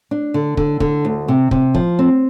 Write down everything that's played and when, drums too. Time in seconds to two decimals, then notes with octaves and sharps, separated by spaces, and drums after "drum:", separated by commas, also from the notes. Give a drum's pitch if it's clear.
0.11 D4
0.34 D3
0.57 D3, drum: kick
0.80 D3, drum: kick
1.05 D2
1.28 C3
1.51 C3, drum: kick
1.75 F3, drum: kick
1.99 C4